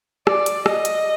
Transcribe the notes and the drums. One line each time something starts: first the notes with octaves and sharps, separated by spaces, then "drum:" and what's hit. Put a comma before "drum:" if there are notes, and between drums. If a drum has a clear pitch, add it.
D5, drum: rim click
drum: hi-hat
D#5, drum: rim click
drum: hi-hat